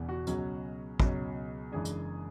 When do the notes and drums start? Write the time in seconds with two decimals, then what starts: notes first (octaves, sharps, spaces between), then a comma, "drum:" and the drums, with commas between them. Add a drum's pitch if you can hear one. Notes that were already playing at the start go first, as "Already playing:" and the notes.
Already playing: E1 E2 C#3 E3 B3
0.09 F#4
0.27 C#2 B2 F#3 C#4, drum: hi-hat
1.00 C#2 B2 F#3 C#4, drum: kick
1.72 F#1 F#2 E3 G#3 D4 G#4
1.85 drum: hi-hat